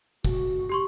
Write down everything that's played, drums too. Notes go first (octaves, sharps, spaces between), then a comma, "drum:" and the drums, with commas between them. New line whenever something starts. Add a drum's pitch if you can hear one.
F#4, drum: kick
G4 C6 C#6